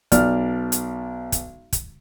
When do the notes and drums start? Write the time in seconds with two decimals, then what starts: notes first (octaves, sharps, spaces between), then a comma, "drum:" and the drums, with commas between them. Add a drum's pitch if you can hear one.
0.12 B1 D5 F6, drum: kick, hi-hat
0.72 drum: hi-hat
1.32 drum: kick, hi-hat
1.73 drum: kick, hi-hat